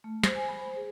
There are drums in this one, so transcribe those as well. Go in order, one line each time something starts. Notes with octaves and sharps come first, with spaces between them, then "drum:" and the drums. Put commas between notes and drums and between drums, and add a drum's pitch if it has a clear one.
A3
C5, drum: snare
G#5
B5
C5
G#4